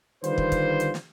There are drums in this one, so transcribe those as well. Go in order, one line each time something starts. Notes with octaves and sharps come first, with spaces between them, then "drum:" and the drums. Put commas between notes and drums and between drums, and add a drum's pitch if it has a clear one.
D3 D#3 G3 F4 B4 C5, drum: hi-hat
drum: kick
drum: kick, hi-hat
drum: hi-hat
drum: snare